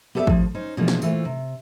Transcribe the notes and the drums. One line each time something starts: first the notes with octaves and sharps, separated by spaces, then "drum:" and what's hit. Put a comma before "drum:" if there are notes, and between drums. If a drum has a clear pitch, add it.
B3 G4 A4 C5 D5 E5
A2 F3, drum: kick
C#4 D#4 C5
B2 E3 F3 G#3 A#3 D4
drum: snare
A#2 E3 A3 F4 C5, drum: tambourine
C3